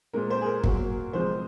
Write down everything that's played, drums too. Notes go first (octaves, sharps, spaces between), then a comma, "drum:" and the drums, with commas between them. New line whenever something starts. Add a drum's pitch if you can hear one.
A#2 G#3 C4 A#4
C5
G#4
A#4
A#2 F#3 A#3, drum: kick G1
C3 F3 G#3 C4 C5